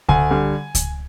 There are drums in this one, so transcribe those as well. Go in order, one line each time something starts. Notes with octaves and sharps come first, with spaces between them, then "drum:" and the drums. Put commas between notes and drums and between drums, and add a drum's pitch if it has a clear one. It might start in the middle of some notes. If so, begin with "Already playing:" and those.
D2 G#5, drum: kick C#2
D3 G3
drum: kick C#2, hi-hat